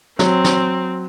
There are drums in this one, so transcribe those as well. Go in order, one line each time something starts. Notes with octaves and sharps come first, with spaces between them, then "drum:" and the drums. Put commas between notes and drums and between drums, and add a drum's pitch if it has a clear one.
F#3 C4, drum: snare
drum: snare